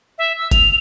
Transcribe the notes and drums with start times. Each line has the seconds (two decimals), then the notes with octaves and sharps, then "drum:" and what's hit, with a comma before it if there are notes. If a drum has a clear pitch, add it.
0.18 E5
0.38 E6
0.51 F7, drum: kick F#1, hi-hat